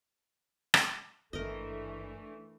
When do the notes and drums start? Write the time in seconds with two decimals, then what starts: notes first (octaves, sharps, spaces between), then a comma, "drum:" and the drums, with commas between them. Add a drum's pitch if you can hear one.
0.74 drum: rim click
1.33 G#1 G2 E3 A3 D4 A#4 D#5